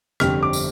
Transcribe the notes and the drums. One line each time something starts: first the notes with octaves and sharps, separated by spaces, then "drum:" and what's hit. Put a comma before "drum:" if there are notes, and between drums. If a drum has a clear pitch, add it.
G1 F2 D3 G3 C4 F6, drum: rim click
D6
drum: tambourine